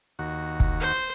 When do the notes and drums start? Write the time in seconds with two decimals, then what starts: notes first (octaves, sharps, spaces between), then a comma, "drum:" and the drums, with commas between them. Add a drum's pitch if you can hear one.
0.19 D#2 F#4
0.60 drum: kick
0.80 C5